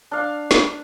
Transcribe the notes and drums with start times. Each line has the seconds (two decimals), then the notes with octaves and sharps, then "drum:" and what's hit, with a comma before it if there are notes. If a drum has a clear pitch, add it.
0.11 D4 F5
0.51 drum: snare